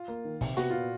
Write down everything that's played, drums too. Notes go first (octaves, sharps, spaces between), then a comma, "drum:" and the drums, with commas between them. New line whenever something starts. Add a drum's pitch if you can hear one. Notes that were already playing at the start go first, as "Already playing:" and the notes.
Already playing: F4
A#3
D#3
C3, drum: kick, open hi-hat
B3 F#4, drum: hi-hat
A#2 F4